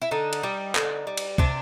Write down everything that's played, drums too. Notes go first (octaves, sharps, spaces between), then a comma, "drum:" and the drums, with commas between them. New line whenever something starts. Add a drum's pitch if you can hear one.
E4
D3 D#4
drum: cymbal
G3
D3, drum: clap
G3
drum: cymbal
C3 D4, drum: kick